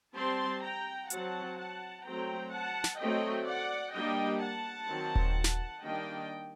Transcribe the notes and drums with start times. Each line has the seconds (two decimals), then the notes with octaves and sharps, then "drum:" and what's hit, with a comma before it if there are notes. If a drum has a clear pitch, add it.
0.15 G3 C4 A5 C6
0.63 G5 A#5
1.10 F#3 C4 F#5 A5, drum: hi-hat
1.57 F#5 A5
2.05 F#3 A3 C4 G5 A#5
2.51 F#5 A5
2.84 drum: snare
2.99 F#3 A3 C4 D#5 G5
3.46 D5 F#5
3.93 G3 A#3 D4 D#5 G5
4.41 F#5 A5
4.87 D#3 F#3 C4
5.15 drum: kick D#1
5.44 drum: snare
5.82 D#3 G3 A#3 D4 D#5 G5